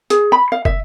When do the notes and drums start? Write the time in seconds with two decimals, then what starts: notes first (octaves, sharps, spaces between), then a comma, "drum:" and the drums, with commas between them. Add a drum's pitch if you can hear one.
0.10 G#4, drum: hi-hat
0.32 B5
0.52 F5
0.65 E5, drum: kick